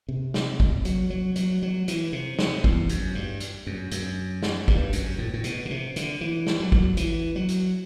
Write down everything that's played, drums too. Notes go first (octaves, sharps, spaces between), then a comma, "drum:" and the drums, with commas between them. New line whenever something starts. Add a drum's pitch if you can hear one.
C3
drum: snare
drum: kick
F#3, drum: hi-hat
F#3
F#3, drum: hi-hat
F#3
E3, drum: hi-hat
C3
C3, drum: snare
E2, drum: kick
F#2, drum: hi-hat
G2
drum: hi-hat
F#2
F#2, drum: hi-hat
drum: snare
G2, drum: kick
F#2, drum: hi-hat
A2
A2
B2, drum: hi-hat
D3
C3
D3, drum: hi-hat
E3
drum: snare
F#3
drum: kick
E3, drum: hi-hat
F#3
drum: hi-hat